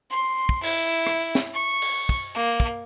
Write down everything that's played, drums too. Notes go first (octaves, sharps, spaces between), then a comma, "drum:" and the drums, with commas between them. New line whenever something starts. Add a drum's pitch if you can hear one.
C6
drum: kick
E4, drum: cymbal
drum: rim click
drum: snare
C#6
drum: cymbal
drum: kick
A#3
drum: kick